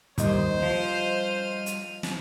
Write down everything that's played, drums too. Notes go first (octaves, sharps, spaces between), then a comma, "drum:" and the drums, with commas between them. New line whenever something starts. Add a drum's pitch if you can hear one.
D#2 G3 C5 D#5, drum: kick, hi-hat
F3 F6 D#7
drum: hi-hat
drum: snare